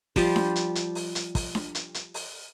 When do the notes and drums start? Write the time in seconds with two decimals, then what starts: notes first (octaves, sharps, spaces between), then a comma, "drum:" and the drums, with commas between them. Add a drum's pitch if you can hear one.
0.16 F3 G3 C5, drum: kick, open hi-hat
0.36 drum: snare D4
0.56 drum: hi-hat
0.75 drum: hi-hat
0.95 drum: open hi-hat
1.15 drum: hi-hat
1.35 drum: kick, open hi-hat
1.55 drum: snare D4
1.75 drum: hi-hat
1.94 drum: hi-hat
2.14 drum: open hi-hat